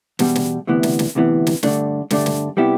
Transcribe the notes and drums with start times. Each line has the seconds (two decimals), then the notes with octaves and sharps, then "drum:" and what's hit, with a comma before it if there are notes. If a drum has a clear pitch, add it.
0.19 E2 B2 G3, drum: snare
0.36 drum: snare
0.67 D2 C3 E3 B3
0.83 drum: snare
0.99 drum: snare
1.15 D2 C3 E3 B3
1.47 drum: snare
1.63 G2 D3 A3 D4, drum: snare
2.11 G2 D3 A3 D4, drum: snare
2.26 drum: snare
2.57 C3 G3 B3 E4 G4